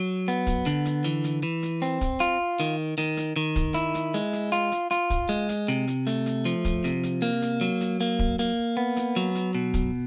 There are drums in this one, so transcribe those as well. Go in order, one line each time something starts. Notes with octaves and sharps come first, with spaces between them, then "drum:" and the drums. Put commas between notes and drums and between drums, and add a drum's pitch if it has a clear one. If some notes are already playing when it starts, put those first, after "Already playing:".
Already playing: F#3
B3, drum: hi-hat
drum: kick, hi-hat
D3, drum: hi-hat
drum: hi-hat
E3, drum: hi-hat
drum: hi-hat
E3
drum: hi-hat
C4, drum: hi-hat
drum: kick, hi-hat
F4, drum: hi-hat
D#3, drum: hi-hat
D#3, drum: hi-hat
drum: hi-hat
D#3
drum: kick, hi-hat
E4, drum: hi-hat
drum: hi-hat
G#3, drum: hi-hat
drum: hi-hat
F4, drum: hi-hat
drum: hi-hat
F4, drum: hi-hat
drum: kick, hi-hat
G#3, drum: hi-hat
drum: hi-hat
C3, drum: hi-hat
drum: hi-hat
A3, drum: hi-hat
drum: hi-hat
F3, drum: hi-hat
drum: kick, hi-hat
C3, drum: hi-hat
drum: hi-hat
A#3, drum: hi-hat
drum: hi-hat
F#3, drum: hi-hat
drum: hi-hat
A#3, drum: hi-hat
drum: kick
A#3, drum: hi-hat
B3
drum: hi-hat
F#3, drum: hi-hat
drum: hi-hat
B2
drum: kick, hi-hat